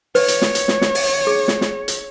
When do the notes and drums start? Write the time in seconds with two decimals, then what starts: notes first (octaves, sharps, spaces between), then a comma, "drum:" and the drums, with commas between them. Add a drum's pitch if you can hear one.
0.15 B4 C#5, drum: open hi-hat
0.28 drum: hi-hat
0.42 drum: snare
0.55 drum: hi-hat
0.68 drum: snare
0.81 drum: snare
0.95 drum: open hi-hat
1.27 G#4
1.48 drum: snare
1.61 drum: snare
1.88 drum: hi-hat